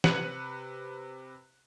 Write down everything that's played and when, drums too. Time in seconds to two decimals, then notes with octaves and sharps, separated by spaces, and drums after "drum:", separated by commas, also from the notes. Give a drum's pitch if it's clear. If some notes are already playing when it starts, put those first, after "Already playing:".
0.04 C3 B4 F#6 C#7 D#7 F#7, drum: snare